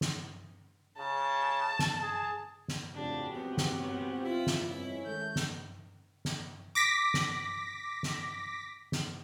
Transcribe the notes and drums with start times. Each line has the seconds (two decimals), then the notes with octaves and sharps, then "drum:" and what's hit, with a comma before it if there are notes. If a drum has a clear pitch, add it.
0.01 drum: snare
0.98 C#3 A5
1.79 drum: snare
2.02 G#4
2.68 drum: snare
2.95 F2 A2 C#3 D4 F#4 G4
3.34 C#2 F#2 B2 B3 C4
3.58 drum: snare
3.79 D#3 F#3 C#4
4.26 E4 F4
4.47 drum: snare
4.70 C2 F2 B2 C#4
5.06 D#3 G#3 A3 G6
5.36 drum: snare
6.25 drum: snare
6.75 D6 A#6 B6
7.14 drum: snare
8.03 drum: snare
8.92 drum: snare